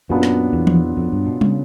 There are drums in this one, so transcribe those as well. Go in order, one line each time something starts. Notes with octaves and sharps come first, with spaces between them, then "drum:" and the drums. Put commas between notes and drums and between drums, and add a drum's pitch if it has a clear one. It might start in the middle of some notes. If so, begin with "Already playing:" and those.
F#2 A#2 F#3 B3 D4 F4
drum: snare
E2
drum: tom E3
F2
G2
B2
C#3, drum: tom G3